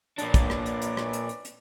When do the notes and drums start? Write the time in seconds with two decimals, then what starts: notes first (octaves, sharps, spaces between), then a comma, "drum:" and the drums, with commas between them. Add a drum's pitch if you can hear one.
0.18 A#2 D4 B4 C#5 D5, drum: hi-hat
0.34 drum: kick, hi-hat
0.50 drum: rim click
0.66 drum: hi-hat
0.82 drum: hi-hat
0.97 drum: rim click
1.13 drum: hi-hat
1.29 drum: hi-hat
1.45 drum: hi-hat